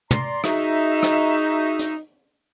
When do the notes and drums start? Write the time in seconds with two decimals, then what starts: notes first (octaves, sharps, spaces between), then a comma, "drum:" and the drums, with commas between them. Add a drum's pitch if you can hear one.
0.11 D5 A#5 C6, drum: tom
0.44 D#4 F#4 G#4 E5, drum: rim click
1.03 drum: rim click
1.79 drum: hi-hat